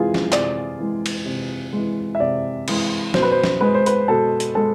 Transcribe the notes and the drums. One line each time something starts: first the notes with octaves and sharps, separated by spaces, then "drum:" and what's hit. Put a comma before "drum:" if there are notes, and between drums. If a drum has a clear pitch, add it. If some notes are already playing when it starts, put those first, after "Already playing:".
Already playing: C3 E3 G#3 F4 G#4
drum: snare
C3 D5, drum: clap
E3 G#3
drum: cymbal
C3
E3 G#3
E5
C3 D5
E3 G#3, drum: cymbal
B2 C5, drum: snare
B4
C5
drum: snare
G#3 B4
C5
B4, drum: hi-hat
B2 A4
drum: hi-hat
G#3 A4